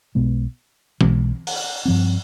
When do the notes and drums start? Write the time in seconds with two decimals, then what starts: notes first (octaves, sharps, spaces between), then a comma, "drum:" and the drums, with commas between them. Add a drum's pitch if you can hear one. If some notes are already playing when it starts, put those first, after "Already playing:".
0.15 B1 B2 G#3 B3
1.01 B1 B2 G#3, drum: tom E3
1.47 drum: open hi-hat
1.85 G2 F3 C4